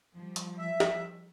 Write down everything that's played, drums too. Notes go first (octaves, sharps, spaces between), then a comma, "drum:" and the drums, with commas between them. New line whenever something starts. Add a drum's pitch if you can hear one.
F3 G3
drum: hi-hat
E5
drum: snare